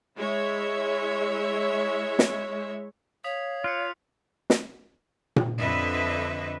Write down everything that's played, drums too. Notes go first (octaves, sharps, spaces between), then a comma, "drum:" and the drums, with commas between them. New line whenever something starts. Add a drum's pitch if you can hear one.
G#3 E4 C#5 E5
drum: snare
C#5 F5 D#6 B6 F7
F4 F#6 C7 C#7
drum: snare
drum: tom A#2
F2 D3 B4 D#5 E5